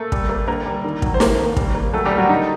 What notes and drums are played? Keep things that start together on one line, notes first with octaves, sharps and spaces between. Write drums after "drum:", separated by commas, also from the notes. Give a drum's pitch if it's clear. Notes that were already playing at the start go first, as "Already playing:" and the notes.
Already playing: A3 A#3 A4
G3, drum: kick
A#3
D3 A#3 A#4
G3
D#3
F#3, drum: kick
C5
A3 A#3 A#4, drum: snare
D#2
G3, drum: kick
A#3
F#3 A3 A4
G3 G4
A#3
F#3 F#4
D3 D#4